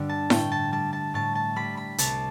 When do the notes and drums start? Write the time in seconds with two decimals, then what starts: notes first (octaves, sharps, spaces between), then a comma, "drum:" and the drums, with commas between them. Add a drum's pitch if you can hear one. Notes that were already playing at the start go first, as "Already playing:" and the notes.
Already playing: G2 D3 G3
0.09 A5
0.30 A2 G5, drum: snare E4
0.52 A5
0.72 G3 A5
0.93 A5
1.14 A2 A5
1.35 A5
1.56 G3 B5
1.77 B5
1.98 C2 A5, drum: hi-hat